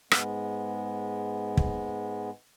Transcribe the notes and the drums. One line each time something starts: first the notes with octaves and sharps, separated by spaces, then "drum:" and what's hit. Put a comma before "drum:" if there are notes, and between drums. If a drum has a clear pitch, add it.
G#2 G#3 B3, drum: rim click
drum: kick